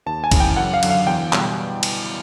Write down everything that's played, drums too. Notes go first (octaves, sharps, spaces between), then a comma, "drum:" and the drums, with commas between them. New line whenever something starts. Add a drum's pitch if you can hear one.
D#2 A5
G#5
C#3 E3, drum: kick G1, cymbal
G5
F#2 F#5
F5
D3 F#3, drum: cymbal
F5
E2 G5
B2 G3, drum: clap
drum: cymbal